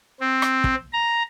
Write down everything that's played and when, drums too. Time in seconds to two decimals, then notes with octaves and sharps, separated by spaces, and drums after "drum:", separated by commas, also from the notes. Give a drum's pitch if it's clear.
0.20 C4
0.42 drum: rim click
0.64 drum: kick
0.93 A#5